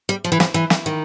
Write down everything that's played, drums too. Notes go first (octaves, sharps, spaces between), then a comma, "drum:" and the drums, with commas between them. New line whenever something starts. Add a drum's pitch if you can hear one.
G3
F3
E3
F3, drum: snare
E3
drum: snare
D#3